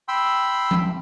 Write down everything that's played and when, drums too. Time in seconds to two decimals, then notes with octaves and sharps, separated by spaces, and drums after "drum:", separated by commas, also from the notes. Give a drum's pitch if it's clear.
0.08 G5 B5 C6 E6
0.71 drum: tom F3